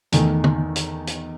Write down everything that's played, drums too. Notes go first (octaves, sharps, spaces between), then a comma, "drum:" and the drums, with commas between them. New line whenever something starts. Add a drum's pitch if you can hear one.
E2 D#3 A3 D#4, drum: hi-hat
drum: tom
drum: hi-hat
drum: hi-hat